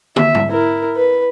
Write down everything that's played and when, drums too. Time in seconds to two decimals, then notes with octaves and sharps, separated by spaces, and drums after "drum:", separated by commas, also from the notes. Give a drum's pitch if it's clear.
0.16 E5, drum: tom
0.35 drum: tom
0.49 E4 A#4
0.97 B4